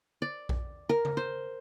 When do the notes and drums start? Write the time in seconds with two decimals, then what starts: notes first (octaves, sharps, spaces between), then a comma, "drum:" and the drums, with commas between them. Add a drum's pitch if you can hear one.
0.22 D5
0.49 drum: kick A#1
0.89 A#4
1.05 drum: tom C#3
1.17 C5